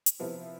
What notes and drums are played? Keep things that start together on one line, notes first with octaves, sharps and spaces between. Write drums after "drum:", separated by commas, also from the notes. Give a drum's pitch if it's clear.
drum: hi-hat
C3 F3 B3 E4